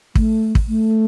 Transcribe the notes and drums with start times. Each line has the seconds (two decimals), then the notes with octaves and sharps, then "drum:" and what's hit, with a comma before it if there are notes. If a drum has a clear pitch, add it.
0.15 A3, drum: kick
0.55 drum: kick
0.68 A3